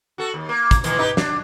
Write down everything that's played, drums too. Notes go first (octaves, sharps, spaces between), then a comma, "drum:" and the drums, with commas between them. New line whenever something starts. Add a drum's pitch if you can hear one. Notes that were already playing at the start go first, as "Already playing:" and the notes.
F#4 A4
D#2
A#3
drum: kick, hi-hat
D#3 E3 A#3, drum: hi-hat
D#4 G4 B4
D4, drum: snare